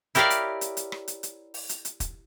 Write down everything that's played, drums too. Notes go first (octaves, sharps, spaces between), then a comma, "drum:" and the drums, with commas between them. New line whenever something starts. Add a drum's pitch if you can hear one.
E4 G4 A#4 C#5 D5 F5, drum: hi-hat
drum: hi-hat
drum: hi-hat
drum: hi-hat
drum: rim click
drum: hi-hat
drum: hi-hat
drum: open hi-hat
drum: hi-hat
drum: hi-hat
drum: kick, hi-hat